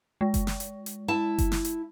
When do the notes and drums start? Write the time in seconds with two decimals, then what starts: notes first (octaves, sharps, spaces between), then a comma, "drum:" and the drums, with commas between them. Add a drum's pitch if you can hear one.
0.21 G#3
0.34 drum: kick F#1, hi-hat
0.47 drum: snare
0.60 drum: hi-hat
0.86 drum: hi-hat
1.08 E4 A5
1.38 drum: kick F#1, hi-hat
1.52 drum: snare
1.65 drum: hi-hat